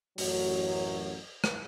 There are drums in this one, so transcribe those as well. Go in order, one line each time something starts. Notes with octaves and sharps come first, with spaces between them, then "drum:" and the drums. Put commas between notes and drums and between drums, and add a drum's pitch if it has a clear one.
A1 F#2 F#3, drum: open hi-hat
drum: rim click